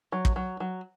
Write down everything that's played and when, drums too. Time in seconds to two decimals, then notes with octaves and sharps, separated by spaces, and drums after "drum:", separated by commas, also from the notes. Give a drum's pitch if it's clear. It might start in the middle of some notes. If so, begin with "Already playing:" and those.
0.12 F#3
0.25 drum: kick
0.36 F#3
0.60 F#3